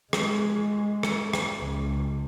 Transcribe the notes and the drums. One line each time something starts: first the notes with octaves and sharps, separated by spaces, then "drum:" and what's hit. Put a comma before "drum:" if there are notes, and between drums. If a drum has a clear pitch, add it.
G#3, drum: rim click
drum: rim click
drum: rim click
C#2